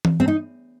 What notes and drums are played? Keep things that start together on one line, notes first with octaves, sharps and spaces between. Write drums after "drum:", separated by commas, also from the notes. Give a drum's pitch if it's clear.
drum: tom E3
C4
D#4